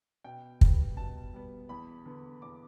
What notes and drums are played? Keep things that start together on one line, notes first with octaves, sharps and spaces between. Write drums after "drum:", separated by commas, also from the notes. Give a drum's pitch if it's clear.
B2 G5
G3 B3, drum: kick
B2 A5
G3 B3
E2 B5
D3 B3
E2 D6